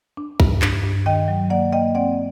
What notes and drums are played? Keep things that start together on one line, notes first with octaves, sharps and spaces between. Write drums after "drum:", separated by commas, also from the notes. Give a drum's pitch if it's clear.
D4
G2, drum: kick
D4, drum: clap
G2
D#3 D#5 G5
F#3
A#3 D5 F#5
A#3 D#5 G5
C4 D5 F#5